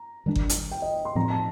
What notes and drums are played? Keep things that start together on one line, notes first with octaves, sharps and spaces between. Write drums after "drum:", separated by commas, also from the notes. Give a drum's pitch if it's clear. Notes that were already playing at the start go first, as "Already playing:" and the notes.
Already playing: A#5
D#3 G3 A#3 D4
drum: kick G1
drum: hi-hat
G5
D#5
C6
A2 F3 C4 A#5
A5